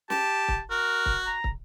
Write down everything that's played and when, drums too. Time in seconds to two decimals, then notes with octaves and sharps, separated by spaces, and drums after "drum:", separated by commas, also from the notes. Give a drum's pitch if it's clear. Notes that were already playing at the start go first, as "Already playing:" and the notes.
0.10 G4 A5, drum: snare
0.48 drum: kick
0.71 F#4 A#4
1.06 drum: kick
1.27 A#5
1.44 drum: kick